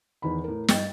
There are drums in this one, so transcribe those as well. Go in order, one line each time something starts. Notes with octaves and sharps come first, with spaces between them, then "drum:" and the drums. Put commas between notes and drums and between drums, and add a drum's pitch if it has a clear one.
E2 D#3 B5
A2 A#4
G2 D#5 G5 A6, drum: snare